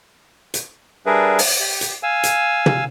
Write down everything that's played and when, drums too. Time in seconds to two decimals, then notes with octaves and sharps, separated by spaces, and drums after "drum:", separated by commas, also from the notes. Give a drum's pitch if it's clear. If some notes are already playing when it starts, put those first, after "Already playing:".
0.54 drum: hi-hat
1.06 G3 D4 G#4 A#4 B4 E5
1.39 drum: open hi-hat
1.60 G4
1.81 drum: hi-hat
2.03 F5 G#5 E6
2.24 drum: hi-hat
2.66 drum: tom